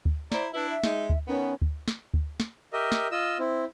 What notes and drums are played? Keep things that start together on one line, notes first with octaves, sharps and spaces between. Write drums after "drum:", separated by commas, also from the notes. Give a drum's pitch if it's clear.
drum: kick D2
E4 C5 D5 A#5, drum: snare
D4 E4 B4
E5
G#3 D#4, drum: snare
drum: kick D2
D#3 B3 C#4
drum: kick D2
drum: snare
drum: kick D2
drum: snare
G4 A#4 D#5 E5
drum: snare
F4 D#5 E6
C4 E4